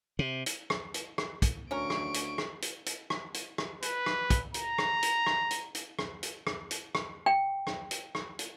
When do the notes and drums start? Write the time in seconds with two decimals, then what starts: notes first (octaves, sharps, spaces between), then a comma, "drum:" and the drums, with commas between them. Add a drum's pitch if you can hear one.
0.19 C3
0.46 drum: hi-hat
0.70 drum: rim click
0.94 drum: hi-hat
1.18 drum: rim click
1.42 drum: kick, hi-hat
1.71 D2 C#4 A#4 C#6 D7
1.90 drum: rim click
2.14 drum: hi-hat
2.38 drum: rim click
2.62 drum: hi-hat
2.86 drum: hi-hat
3.10 drum: rim click
3.34 drum: hi-hat
3.58 drum: rim click
3.82 B4, drum: hi-hat
4.06 drum: rim click
4.30 drum: kick, hi-hat
4.54 A#5, drum: hi-hat
4.78 drum: rim click
5.02 drum: hi-hat
5.26 drum: rim click
5.51 drum: hi-hat
5.75 drum: hi-hat
5.99 drum: rim click
6.23 drum: hi-hat
6.47 drum: rim click
6.71 drum: hi-hat
6.95 drum: rim click
7.26 G5
7.67 drum: rim click
7.91 drum: hi-hat
8.15 drum: rim click
8.39 drum: hi-hat